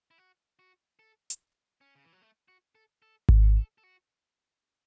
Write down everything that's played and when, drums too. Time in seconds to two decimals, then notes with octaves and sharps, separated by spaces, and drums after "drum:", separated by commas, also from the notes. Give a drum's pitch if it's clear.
0.11 E4
0.18 F#4
0.59 F#4
0.99 A4
1.30 drum: hi-hat
1.81 C#4
1.96 C#3
2.04 E3
2.13 F#3
2.22 A3
2.48 F#4
2.75 A4
3.02 A4
3.29 drum: kick G#1
3.43 A4
3.57 A4
3.78 A4
3.83 F#4